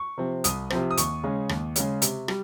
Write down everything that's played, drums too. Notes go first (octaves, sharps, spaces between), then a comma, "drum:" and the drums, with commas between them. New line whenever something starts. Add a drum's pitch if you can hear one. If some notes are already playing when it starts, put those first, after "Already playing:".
Already playing: C#6
C3 F3 C4
C2 D#6, drum: hi-hat
C3 F3 C4, drum: rim click
D#6
D#2 C#6, drum: hi-hat
C#3 G#3 C#4
D#2, drum: rim click
C#3 G#3 C#4, drum: hi-hat
C3, drum: hi-hat
G3, drum: rim click